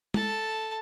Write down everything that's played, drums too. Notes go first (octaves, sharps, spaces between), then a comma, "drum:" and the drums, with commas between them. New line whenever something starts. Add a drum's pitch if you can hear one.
A4 A5, drum: tom G#3